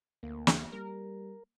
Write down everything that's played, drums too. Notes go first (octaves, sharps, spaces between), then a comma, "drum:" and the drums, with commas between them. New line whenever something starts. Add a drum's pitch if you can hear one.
D2 A#3
drum: snare
G3 A#4